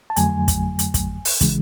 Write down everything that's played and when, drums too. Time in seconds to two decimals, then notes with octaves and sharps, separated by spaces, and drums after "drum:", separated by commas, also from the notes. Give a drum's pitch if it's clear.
0.10 A5
0.16 F2 D3 F#3 A3 G#5, drum: hi-hat
0.48 drum: kick, hi-hat
0.79 drum: hi-hat
0.94 drum: kick, hi-hat
1.25 drum: open hi-hat
1.41 C#3 E3 G#3, drum: kick, hi-hat